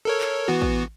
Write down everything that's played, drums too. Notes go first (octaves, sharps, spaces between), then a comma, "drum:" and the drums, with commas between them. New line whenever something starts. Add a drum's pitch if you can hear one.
A4 A#4 C#5
drum: clap
E3 B3 F#4
drum: kick A1